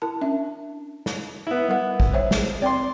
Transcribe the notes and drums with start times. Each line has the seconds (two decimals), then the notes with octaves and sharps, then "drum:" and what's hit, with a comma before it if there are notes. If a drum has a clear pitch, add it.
0.02 E4 A#4 A5
0.21 C#4 D4 E5
1.06 drum: snare
1.47 B3 E4
1.69 G3 A#4 F#5
2.00 drum: kick
2.13 C5 C#5 E5
2.31 drum: snare
2.62 C4 D5 G5 C6